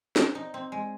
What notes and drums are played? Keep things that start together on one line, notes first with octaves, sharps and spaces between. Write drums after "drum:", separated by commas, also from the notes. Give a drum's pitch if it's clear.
C4, drum: snare
D#4
C4
G#3